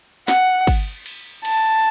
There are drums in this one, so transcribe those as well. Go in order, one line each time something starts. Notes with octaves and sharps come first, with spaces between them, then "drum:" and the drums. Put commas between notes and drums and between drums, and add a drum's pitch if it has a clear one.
F#5, drum: snare
drum: kick, cymbal
drum: cymbal
A5, drum: cymbal